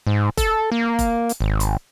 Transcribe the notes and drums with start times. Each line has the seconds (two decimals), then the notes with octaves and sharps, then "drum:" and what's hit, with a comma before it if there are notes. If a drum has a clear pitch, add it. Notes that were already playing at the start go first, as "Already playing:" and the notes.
0.07 G#2
0.37 A4, drum: kick F1, hi-hat
0.72 A#3
0.99 drum: kick F1, hi-hat
1.29 drum: hi-hat
1.41 G#1
1.60 drum: hi-hat